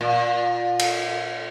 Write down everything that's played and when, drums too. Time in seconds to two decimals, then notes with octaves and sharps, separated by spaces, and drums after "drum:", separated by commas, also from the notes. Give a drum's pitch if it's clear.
0.01 A#2
0.79 drum: cymbal